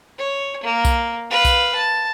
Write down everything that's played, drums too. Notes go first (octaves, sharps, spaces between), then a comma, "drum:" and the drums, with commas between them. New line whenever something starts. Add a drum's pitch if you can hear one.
C#5
A#3
drum: kick B1, tambourine
B4 F5
drum: kick B1, tambourine
A5